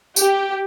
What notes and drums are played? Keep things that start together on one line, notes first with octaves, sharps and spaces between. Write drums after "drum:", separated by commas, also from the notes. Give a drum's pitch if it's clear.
G4, drum: tambourine